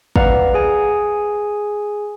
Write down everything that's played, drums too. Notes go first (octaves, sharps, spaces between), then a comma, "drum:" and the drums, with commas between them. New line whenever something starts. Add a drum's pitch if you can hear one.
B4 D5 F5 F#5 A#5, drum: kick
G#4 G#5